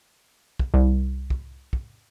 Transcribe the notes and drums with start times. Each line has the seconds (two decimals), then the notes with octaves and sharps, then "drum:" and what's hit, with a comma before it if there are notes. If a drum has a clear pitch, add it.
0.60 drum: kick
0.74 C2
1.30 drum: kick
1.73 drum: kick